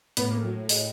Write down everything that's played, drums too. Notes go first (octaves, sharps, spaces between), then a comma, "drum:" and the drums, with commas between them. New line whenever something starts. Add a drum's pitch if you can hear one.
A2 B3, drum: hi-hat
A#3
F#3
G#3, drum: open hi-hat